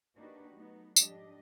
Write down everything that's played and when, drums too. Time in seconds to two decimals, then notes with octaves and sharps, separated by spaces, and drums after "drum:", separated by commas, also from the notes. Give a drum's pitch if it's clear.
0.16 A#3 D4 D#4 F#4 G4 B4
0.55 F#3 A3 B3 D#4
0.96 F2 G#2 G3 D4 G4 D#5, drum: tambourine